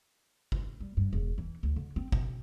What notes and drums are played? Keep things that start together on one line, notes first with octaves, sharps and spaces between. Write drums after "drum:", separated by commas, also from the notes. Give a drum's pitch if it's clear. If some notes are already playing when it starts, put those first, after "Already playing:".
drum: kick
G3
G2
E1
E3
D2
D3
C4
B2, drum: kick